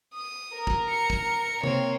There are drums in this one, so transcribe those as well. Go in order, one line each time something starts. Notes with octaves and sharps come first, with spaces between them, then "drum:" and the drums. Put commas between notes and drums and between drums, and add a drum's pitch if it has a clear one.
D#6
A#4
drum: kick
C#7
drum: kick
A#3 C4 C#5, drum: tom C3